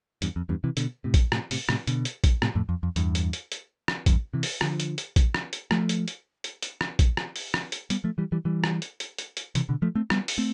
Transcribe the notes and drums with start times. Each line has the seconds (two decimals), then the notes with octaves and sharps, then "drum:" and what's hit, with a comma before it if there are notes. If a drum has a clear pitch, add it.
0.22 E2 G2, drum: hi-hat
0.36 F2
0.49 E2 G2
0.64 C3 E3
0.77 B2 D3, drum: hi-hat
1.04 A2 C3
1.14 drum: kick, hi-hat
1.32 A2 C3, drum: rim click
1.51 A2 C3, drum: open hi-hat
1.69 A2 C3, drum: rim click
1.87 B2 D3, drum: hi-hat
2.05 drum: hi-hat
2.24 drum: kick, hi-hat
2.42 A2 C3, drum: rim click
2.55 F2 A2
2.69 F2
2.83 F2
2.96 E2 G2, drum: hi-hat
3.15 drum: hi-hat
3.33 drum: hi-hat
3.52 drum: hi-hat
3.88 drum: rim click
4.06 E2 G2, drum: kick, hi-hat
4.33 C3 E3
4.43 drum: open hi-hat
4.61 D3 F3, drum: rim click
4.80 drum: hi-hat
4.98 drum: hi-hat
5.16 drum: kick, hi-hat
5.34 drum: rim click
5.53 drum: hi-hat
5.71 F3 A3, drum: rim click
5.89 drum: hi-hat
6.08 drum: hi-hat
6.44 drum: hi-hat
6.62 drum: hi-hat
6.81 drum: rim click
6.99 drum: kick, hi-hat
7.17 drum: rim click
7.36 drum: open hi-hat
7.54 drum: rim click
7.72 drum: hi-hat
7.90 G3 B3, drum: hi-hat
8.04 F3 A3
8.18 E3 G3
8.32 E3 G3
8.45 E3 G3
8.64 drum: rim click
8.82 drum: hi-hat
9.00 drum: hi-hat
9.18 drum: hi-hat
9.37 drum: hi-hat
9.55 C3 E3, drum: hi-hat
9.69 B2 D3
9.82 F3 A3
9.95 A3 C4
10.10 G3 B3, drum: rim click
10.28 drum: open hi-hat
10.38 A3 C4